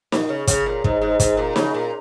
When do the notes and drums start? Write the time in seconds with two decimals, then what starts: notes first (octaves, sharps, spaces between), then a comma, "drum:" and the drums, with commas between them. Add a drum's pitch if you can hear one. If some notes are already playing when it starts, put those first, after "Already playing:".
0.12 A#2, drum: snare
0.29 C#3
0.47 C#3, drum: kick, hi-hat
0.66 A#2
0.84 G#2, drum: kick
1.02 G#2
1.20 G#2, drum: kick, hi-hat
1.37 A#2
1.56 C#3, drum: snare
1.74 A#2